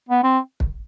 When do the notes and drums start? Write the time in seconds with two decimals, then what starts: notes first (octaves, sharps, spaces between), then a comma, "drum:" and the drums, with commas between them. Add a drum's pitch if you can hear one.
0.09 B3
0.23 C4
0.60 drum: kick